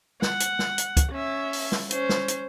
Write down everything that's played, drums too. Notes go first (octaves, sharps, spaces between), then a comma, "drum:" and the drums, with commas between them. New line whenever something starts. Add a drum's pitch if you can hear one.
F#5, drum: snare
drum: hi-hat
drum: snare
drum: hi-hat
drum: kick C#2, hi-hat
C#4 E5
drum: open hi-hat
drum: snare
C#4 C5, drum: hi-hat
drum: snare
drum: hi-hat